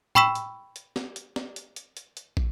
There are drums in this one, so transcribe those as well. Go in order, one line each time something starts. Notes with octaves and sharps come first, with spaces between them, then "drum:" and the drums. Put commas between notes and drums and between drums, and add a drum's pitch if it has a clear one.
G5 B5 C#6 E6 B6 E7, drum: tom A2
drum: hi-hat
drum: hi-hat
drum: snare
drum: hi-hat
drum: snare
drum: hi-hat
drum: hi-hat
drum: hi-hat
drum: hi-hat
drum: kick